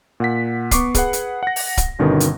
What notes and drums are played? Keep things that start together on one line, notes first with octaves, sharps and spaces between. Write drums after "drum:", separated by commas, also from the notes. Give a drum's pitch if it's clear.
A#2 F#5 B6
B3 C#6 D6 C7, drum: kick, hi-hat
G#4 B4 F#5, drum: kick, hi-hat
drum: hi-hat
F#5 A#6
drum: open hi-hat
drum: kick, hi-hat
G1 B2 D3 D#3 B3 C#4
drum: hi-hat